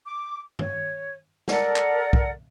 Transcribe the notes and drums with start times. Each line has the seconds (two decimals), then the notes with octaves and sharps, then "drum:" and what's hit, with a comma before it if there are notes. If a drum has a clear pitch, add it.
0.04 D6
0.59 C#5, drum: tom G2
1.48 A4 A#4 D5 F#5, drum: snare
1.76 drum: clap
2.13 drum: kick